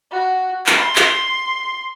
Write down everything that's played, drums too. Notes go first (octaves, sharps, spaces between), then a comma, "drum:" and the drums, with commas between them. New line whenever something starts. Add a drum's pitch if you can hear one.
F#4
drum: clap
C6
drum: clap